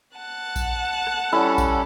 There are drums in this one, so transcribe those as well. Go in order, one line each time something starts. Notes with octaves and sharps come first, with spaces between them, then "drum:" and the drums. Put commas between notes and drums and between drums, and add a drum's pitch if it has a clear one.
F#5 A5 F#6
drum: kick A#1, tambourine
drum: rim click
G3 C#4 E4 A4
drum: kick A#1, tambourine